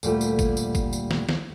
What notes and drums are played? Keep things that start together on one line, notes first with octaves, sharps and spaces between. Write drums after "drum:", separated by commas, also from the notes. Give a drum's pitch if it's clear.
D2 A#2 G3 A3, drum: tambourine
drum: tambourine
drum: kick, tambourine
drum: tambourine
drum: kick, tambourine
drum: tambourine
drum: snare
drum: snare